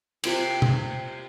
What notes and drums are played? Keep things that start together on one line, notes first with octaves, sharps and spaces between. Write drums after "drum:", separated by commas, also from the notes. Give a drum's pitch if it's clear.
C3 F4 D6, drum: cymbal
drum: tom B2